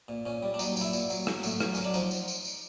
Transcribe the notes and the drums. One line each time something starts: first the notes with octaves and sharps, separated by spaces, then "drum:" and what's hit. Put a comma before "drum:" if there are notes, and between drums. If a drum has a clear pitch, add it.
A#2
A#2 C#4
G3
D4
F#3 D#4, drum: tambourine
A#2 E4, drum: tambourine
A#2, drum: tambourine
F#3, drum: tambourine
F#3, drum: rim click
A2, drum: tambourine
F#3, drum: rim click
F#3 C#4, drum: tambourine
D4
F3 D#4, drum: tambourine
drum: tambourine
drum: tambourine
drum: tambourine